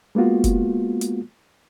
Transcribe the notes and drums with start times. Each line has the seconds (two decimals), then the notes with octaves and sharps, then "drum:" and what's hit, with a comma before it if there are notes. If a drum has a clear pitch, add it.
0.15 G#3 A#3 B3 F4 F#4
0.44 drum: kick F1, hi-hat
1.01 drum: hi-hat